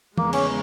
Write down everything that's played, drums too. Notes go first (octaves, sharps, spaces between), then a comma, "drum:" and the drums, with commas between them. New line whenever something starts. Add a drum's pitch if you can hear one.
E2 C#3 G#3 A#3, drum: tom
C#4, drum: cymbal